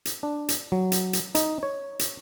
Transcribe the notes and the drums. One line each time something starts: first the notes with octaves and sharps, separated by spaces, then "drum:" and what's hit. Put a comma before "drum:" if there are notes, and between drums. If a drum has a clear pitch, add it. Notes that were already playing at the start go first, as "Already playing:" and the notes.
drum: hi-hat
D4
drum: hi-hat
F#3
drum: hi-hat
drum: hi-hat
D#4, drum: hi-hat
C#5
drum: hi-hat